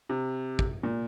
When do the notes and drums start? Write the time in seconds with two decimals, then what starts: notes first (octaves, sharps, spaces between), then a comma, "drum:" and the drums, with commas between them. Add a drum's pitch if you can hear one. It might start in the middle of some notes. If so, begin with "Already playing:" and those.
0.09 C3
0.59 drum: kick
0.83 A#2